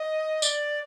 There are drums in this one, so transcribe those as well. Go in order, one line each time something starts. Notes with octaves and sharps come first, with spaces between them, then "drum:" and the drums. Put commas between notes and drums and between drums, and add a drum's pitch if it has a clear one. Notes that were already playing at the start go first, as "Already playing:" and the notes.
Already playing: D#5
D5, drum: tambourine